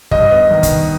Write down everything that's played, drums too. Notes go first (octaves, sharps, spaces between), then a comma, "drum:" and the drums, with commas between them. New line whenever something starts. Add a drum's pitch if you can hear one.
G2 D#5, drum: kick
B3
D#3
drum: kick, hi-hat